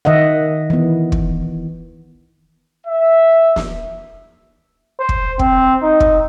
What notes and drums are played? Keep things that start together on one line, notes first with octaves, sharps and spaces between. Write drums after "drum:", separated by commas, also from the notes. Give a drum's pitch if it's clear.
D#3 D#5 E5 F#5
E3 B3
drum: kick
E5
drum: snare
C5
drum: kick
C4, drum: kick
D#4
drum: kick